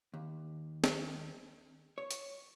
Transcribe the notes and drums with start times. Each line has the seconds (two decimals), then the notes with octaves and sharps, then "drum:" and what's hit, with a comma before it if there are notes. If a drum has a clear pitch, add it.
0.14 D#2
0.84 drum: snare
1.98 C#5
2.11 drum: hi-hat